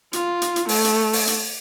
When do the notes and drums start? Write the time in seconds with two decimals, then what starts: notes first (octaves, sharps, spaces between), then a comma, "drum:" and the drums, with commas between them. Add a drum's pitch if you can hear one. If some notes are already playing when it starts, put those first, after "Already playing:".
0.13 F4, drum: hi-hat
0.42 drum: hi-hat
0.56 drum: hi-hat
0.69 A3, drum: open hi-hat
0.84 drum: hi-hat
1.13 drum: open hi-hat
1.27 drum: hi-hat